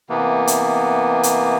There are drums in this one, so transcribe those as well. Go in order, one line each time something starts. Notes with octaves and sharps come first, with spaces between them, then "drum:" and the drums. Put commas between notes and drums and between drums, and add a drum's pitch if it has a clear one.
C3 E3 A#3 B3
drum: hi-hat
drum: hi-hat